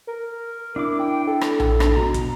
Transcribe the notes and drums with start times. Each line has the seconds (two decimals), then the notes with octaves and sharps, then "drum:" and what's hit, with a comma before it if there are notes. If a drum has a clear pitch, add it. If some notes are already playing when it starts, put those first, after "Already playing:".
0.07 A#4
0.76 D4 E4 D6
0.99 G5
1.27 A4
1.41 drum: rim click
1.60 drum: tom A#1
1.80 D4, drum: rim click
1.96 B2 A#5
2.14 drum: kick, hi-hat